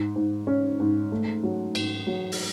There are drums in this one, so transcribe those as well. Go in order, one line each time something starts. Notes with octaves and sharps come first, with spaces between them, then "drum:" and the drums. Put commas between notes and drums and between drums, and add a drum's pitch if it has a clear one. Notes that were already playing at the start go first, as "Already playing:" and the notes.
Already playing: G#2
G#2
C#4
G#2
A3
F#3
G#2, drum: cymbal
F#3
drum: open hi-hat